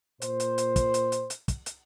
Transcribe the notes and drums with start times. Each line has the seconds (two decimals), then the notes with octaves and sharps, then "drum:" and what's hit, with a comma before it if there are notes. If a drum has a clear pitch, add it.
0.22 A#2 C5, drum: hi-hat
0.40 drum: hi-hat
0.58 drum: hi-hat
0.76 drum: kick, hi-hat
0.94 drum: hi-hat
1.12 drum: hi-hat
1.30 drum: hi-hat
1.48 drum: kick, hi-hat
1.66 drum: hi-hat